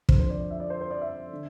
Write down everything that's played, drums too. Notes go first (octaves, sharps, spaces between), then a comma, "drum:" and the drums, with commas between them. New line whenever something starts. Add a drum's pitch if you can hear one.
F2 D3 F3 C5, drum: kick
C5
D5
D5
E5
D5
C5
C5
D5
E5
D3